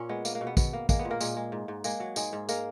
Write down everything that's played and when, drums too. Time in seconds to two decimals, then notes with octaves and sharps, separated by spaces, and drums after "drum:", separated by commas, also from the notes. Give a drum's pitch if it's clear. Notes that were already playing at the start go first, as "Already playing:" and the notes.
Already playing: A#2 C#4
0.09 G#3 B3
0.25 A#3, drum: tambourine
0.35 A#3
0.41 B2
0.47 B3
0.57 B2 B3, drum: kick, tambourine
0.73 A#3
0.89 G#3 A#3, drum: kick, tambourine
0.99 B3
1.05 A#2
1.11 A#3 A#4
1.21 A#2 G#3 G#4, drum: tambourine
1.37 G#3
1.52 G#2
1.68 G#2
1.84 G#3 A#3 G#4, drum: tambourine
2.00 F#3
2.16 G#2 G#3 G#4, drum: tambourine
2.33 G#2
2.49 G#3 A#3 A#4, drum: tambourine